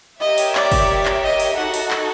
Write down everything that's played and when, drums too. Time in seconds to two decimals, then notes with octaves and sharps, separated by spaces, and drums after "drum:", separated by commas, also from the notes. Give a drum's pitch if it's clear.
0.21 G4 A#4 C#5 D#5 E5
0.38 drum: open hi-hat
0.55 D5, drum: clap
0.72 drum: kick, open hi-hat
1.06 drum: clap
1.23 D#5
1.40 drum: open hi-hat
1.57 D#4 F#4 A4 F#5
1.74 drum: open hi-hat
1.91 drum: clap